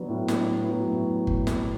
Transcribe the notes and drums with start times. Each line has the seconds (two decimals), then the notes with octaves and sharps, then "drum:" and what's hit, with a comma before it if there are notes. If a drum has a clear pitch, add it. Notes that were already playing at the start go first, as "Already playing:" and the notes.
Already playing: F#3 B3 D4
0.08 A2
0.28 D4, drum: snare
0.48 B3
0.68 F#3
0.88 A2
1.27 drum: kick G1
1.47 drum: snare